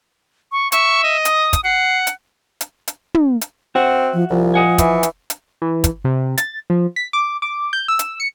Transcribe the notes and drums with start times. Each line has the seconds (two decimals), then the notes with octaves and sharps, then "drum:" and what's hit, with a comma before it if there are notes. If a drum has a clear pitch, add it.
0.52 C#6
0.72 E5 C#6, drum: hi-hat
1.04 D#5
1.25 D#6, drum: hi-hat
1.53 drum: kick, hi-hat
1.64 F#5 C7
2.07 drum: hi-hat
2.61 drum: hi-hat
2.88 drum: hi-hat
3.14 drum: tom
3.41 drum: hi-hat
3.75 C4 F#4 E5 F#5
4.13 F3
4.30 C2 F3
4.54 D#5 F#5 G#5
4.78 E3, drum: kick, hi-hat
5.03 drum: hi-hat
5.30 drum: hi-hat
5.62 E3
5.84 drum: kick, hi-hat
6.04 C3
6.38 A6, drum: hi-hat
6.70 F3
6.96 B6
7.13 D6
7.42 D6
7.73 G6
7.88 E6
7.99 drum: hi-hat
8.20 C#7